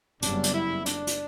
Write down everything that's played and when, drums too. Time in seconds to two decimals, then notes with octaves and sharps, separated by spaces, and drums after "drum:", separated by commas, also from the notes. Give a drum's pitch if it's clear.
0.22 F#1 F#2 C#3 G3 B3 D4, drum: hi-hat
0.44 drum: hi-hat
0.54 E4
0.86 D4, drum: hi-hat
1.07 drum: hi-hat